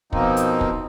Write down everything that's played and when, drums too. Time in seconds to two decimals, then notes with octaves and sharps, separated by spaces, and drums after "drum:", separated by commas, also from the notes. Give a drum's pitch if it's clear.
0.13 B2 F3 A#3 C4 D#4, drum: kick
0.37 drum: hi-hat
0.61 drum: kick